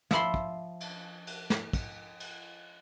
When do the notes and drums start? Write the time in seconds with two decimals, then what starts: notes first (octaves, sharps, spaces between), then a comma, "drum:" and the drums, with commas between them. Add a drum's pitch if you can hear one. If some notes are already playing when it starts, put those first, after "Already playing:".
0.11 F3 E5 B5 C6, drum: snare
0.34 drum: kick
0.80 drum: cymbal
1.27 drum: cymbal
1.50 drum: snare
1.73 drum: kick, cymbal
2.20 drum: cymbal